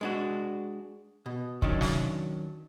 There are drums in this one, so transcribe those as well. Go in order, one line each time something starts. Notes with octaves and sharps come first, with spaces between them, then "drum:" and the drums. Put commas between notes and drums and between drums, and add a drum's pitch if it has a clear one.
G#3 D4 F#4
B2
D#3 F#3 C#4 D4, drum: kick
drum: snare